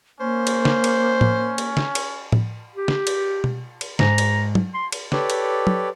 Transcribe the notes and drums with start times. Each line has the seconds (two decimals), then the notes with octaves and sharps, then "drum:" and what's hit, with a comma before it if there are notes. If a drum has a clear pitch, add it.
0.20 A#3 C#4 C5
0.47 drum: cymbal
0.65 drum: snare
0.84 drum: cymbal
1.21 drum: tom A2
1.58 drum: cymbal
1.77 drum: snare
1.95 drum: cymbal
2.32 drum: tom A2
2.75 G4
2.88 drum: snare
3.07 drum: cymbal
3.44 drum: tom B2
3.81 drum: cymbal
3.99 G#2 A#5, drum: snare
4.18 drum: cymbal
4.55 drum: tom
4.74 C6
4.92 drum: cymbal
5.12 G4 A4 B4 C#5 D5, drum: snare
5.30 drum: cymbal
5.67 drum: tom